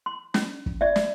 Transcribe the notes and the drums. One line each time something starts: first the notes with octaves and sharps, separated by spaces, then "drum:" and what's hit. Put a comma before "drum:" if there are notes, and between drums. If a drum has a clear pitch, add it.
C6
C#4, drum: snare
drum: kick
D5 E5
drum: snare